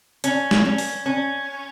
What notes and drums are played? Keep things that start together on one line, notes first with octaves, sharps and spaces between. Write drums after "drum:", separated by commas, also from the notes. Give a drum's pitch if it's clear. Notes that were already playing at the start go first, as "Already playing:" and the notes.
C#4, drum: hi-hat
drum: snare
C#4
drum: open hi-hat
C#4